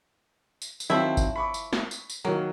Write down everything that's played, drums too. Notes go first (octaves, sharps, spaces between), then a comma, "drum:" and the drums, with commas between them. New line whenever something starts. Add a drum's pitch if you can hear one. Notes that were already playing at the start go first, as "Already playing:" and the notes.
drum: tambourine
drum: tambourine
D#3 F3 F#3 C4 E4
drum: kick G1, tambourine
B5 C#6 D6
drum: tambourine
drum: snare
drum: tambourine
drum: tambourine
D#3 F#3 A#3